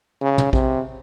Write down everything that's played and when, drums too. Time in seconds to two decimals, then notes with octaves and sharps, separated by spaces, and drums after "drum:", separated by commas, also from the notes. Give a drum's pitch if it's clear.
0.21 C#3
0.38 drum: tom
0.53 C3, drum: kick A#1